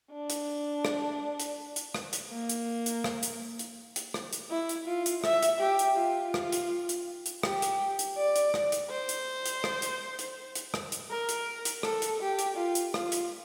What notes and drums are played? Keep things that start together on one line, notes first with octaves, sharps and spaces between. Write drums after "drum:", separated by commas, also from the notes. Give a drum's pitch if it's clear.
D4
drum: hi-hat
drum: rim click
drum: hi-hat
drum: hi-hat
drum: rim click
drum: hi-hat
A#3
drum: hi-hat
drum: hi-hat
drum: rim click
drum: hi-hat
drum: hi-hat
drum: hi-hat
drum: rim click
drum: hi-hat
E4
drum: hi-hat
F4
drum: hi-hat
E5, drum: rim click
drum: hi-hat
G4
drum: hi-hat
F4
drum: rim click
drum: hi-hat
drum: hi-hat
drum: hi-hat
G4, drum: rim click
drum: hi-hat
drum: hi-hat
D5
drum: hi-hat
drum: rim click
drum: hi-hat
C5
drum: hi-hat
drum: hi-hat
drum: rim click
drum: hi-hat
drum: hi-hat
drum: hi-hat
drum: rim click
drum: hi-hat
A#4
drum: hi-hat
drum: hi-hat
A4, drum: rim click
drum: hi-hat
G4
drum: hi-hat
F4
drum: hi-hat
F4, drum: rim click
drum: hi-hat